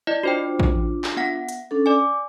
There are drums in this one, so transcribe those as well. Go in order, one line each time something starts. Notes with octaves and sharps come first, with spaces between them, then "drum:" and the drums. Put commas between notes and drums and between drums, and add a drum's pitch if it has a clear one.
E4 D5 D#5
D4 F4 F#4 C5 G5
drum: kick A1
drum: clap
B3 F#5 A#6
drum: hi-hat
C#4 D4 A4
D5 G#5 D6